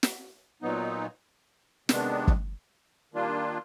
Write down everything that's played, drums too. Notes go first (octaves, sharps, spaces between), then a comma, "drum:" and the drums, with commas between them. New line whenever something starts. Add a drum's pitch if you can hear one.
drum: snare
A#2 F#3 B3 D#4
C3 D#3 G#3 B3 D4, drum: snare
drum: kick
D#3 G3 A#3 D4 F4